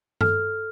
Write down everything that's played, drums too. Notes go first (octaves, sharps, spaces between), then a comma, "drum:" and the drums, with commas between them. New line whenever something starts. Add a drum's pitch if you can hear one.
A4 F6, drum: tom G2